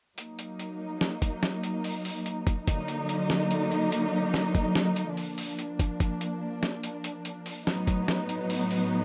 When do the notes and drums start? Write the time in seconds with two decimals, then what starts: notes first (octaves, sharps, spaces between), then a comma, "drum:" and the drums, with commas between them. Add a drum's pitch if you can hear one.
0.18 F#3 A#3 D#4, drum: hi-hat
0.39 drum: hi-hat
0.59 drum: hi-hat
1.01 drum: snare
1.22 drum: kick, hi-hat
1.43 drum: snare
1.63 drum: hi-hat
1.84 drum: open hi-hat
2.05 drum: open hi-hat
2.26 drum: hi-hat
2.47 drum: kick, hi-hat
2.68 D3 F#3 A#3 D#4, drum: kick, hi-hat
2.88 drum: hi-hat
3.09 drum: hi-hat
3.30 drum: snare
3.51 drum: hi-hat
3.71 drum: hi-hat
3.92 drum: hi-hat
4.34 drum: snare
4.55 drum: kick, hi-hat
4.75 drum: snare
4.96 drum: hi-hat
5.17 F3 A#3 D4, drum: open hi-hat
5.38 drum: open hi-hat
5.59 drum: hi-hat
5.79 drum: kick, hi-hat
6.00 drum: kick, hi-hat
6.21 drum: hi-hat
6.63 drum: snare
6.83 drum: hi-hat
7.04 drum: hi-hat
7.25 drum: hi-hat
7.46 drum: open hi-hat
7.67 A2 F#3 B3 D#4, drum: snare
7.87 drum: kick, hi-hat
8.08 drum: snare
8.29 drum: hi-hat
8.50 drum: open hi-hat
8.71 drum: open hi-hat